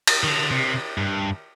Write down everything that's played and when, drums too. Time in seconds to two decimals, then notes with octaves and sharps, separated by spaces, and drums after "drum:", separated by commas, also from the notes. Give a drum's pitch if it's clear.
0.07 drum: cymbal
0.24 D#3
0.27 D3
0.51 C3
0.98 G2